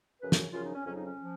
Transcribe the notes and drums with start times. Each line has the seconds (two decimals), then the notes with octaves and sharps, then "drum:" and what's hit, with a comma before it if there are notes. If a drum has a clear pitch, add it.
0.22 F#2 C#3 F3 B4
0.32 F#4, drum: snare
0.53 F#2 C#3 F3 F4
0.64 D#4
0.74 C#4
0.85 F2 C#3 F#3 C#4
0.94 D#4
1.04 C#4
1.20 F3